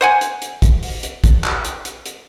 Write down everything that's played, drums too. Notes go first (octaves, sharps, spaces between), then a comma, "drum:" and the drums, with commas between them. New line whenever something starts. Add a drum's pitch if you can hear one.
C5 F#5 G#5
drum: hi-hat
drum: hi-hat
drum: kick, hi-hat
drum: open hi-hat
drum: hi-hat
drum: kick, hi-hat
drum: clap
drum: hi-hat
drum: hi-hat
drum: hi-hat